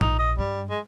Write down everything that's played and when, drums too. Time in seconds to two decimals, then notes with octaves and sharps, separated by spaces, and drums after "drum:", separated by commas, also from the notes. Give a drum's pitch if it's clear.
0.01 A#1 D#4, drum: tom G#2
0.19 D#5
0.38 G2 G3
0.70 G#3